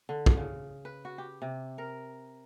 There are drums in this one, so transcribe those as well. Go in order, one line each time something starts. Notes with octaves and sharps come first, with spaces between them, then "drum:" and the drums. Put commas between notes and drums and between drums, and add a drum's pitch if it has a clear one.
D3
drum: kick
C#3
B4
F#4
G4
C3
A#4